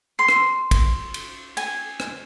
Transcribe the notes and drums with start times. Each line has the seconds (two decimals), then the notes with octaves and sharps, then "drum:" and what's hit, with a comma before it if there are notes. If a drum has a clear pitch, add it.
0.19 C6
0.29 drum: rim click
0.71 drum: kick, cymbal
1.14 drum: cymbal
1.57 G#5, drum: cymbal
2.00 drum: rim click